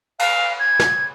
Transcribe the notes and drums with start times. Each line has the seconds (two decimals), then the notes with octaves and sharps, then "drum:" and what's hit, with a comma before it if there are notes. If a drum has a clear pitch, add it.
0.19 F5, drum: cymbal
0.59 G#6
0.80 drum: snare